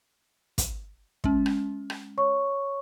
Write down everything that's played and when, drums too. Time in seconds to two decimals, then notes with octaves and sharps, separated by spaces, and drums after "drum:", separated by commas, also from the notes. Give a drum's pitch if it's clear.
0.58 drum: kick, hi-hat
1.24 G#3 C#4, drum: kick
1.46 drum: rim click
1.90 drum: rim click
2.18 C#5 C#6